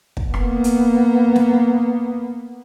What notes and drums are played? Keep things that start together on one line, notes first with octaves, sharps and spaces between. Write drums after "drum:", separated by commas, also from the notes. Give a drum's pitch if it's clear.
drum: kick
A#3 B3, drum: rim click
drum: hi-hat
drum: snare